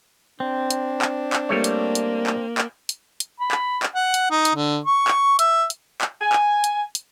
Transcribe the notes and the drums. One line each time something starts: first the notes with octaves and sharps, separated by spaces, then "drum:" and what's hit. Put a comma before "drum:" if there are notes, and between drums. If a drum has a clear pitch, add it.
C4 D4
drum: hi-hat
drum: clap
drum: clap
G3 A3 A#3 C#5
drum: hi-hat
drum: hi-hat
drum: clap
drum: clap
drum: hi-hat
drum: hi-hat
B5
drum: clap
drum: clap
F#5
drum: hi-hat
D#4
drum: hi-hat
D3
C#6
drum: clap
E5, drum: hi-hat
drum: hi-hat
drum: clap
G#5
drum: clap
drum: hi-hat
drum: hi-hat